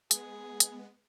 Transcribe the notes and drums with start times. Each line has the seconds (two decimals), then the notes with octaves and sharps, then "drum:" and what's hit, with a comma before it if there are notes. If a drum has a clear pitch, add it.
0.11 G#3 B3 G#4, drum: hi-hat
0.60 drum: hi-hat